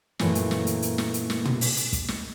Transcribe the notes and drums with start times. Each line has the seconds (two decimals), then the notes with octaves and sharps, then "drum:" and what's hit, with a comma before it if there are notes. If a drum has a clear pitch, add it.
0.19 F#2 A#2 E3 F#3 A3 A#3, drum: snare
0.35 drum: hi-hat
0.51 drum: snare
0.67 drum: hi-hat
0.82 drum: hi-hat
0.98 drum: snare
1.14 drum: hi-hat
1.30 drum: snare
1.45 drum: tom
1.61 drum: open hi-hat
1.77 drum: hi-hat
1.93 drum: kick, hi-hat
2.08 drum: snare